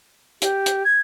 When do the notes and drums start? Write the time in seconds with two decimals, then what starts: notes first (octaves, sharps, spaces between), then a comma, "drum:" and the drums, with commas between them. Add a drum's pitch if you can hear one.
0.42 G4, drum: hi-hat
0.66 drum: hi-hat
0.85 G#6